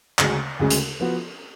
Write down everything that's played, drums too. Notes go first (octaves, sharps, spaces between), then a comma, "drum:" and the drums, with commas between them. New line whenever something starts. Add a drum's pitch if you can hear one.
D2 C#3 G#3 C#4 F#4, drum: clap
D2 C#3 G#3 C#4 F#4
drum: hi-hat
F3 B3 F#4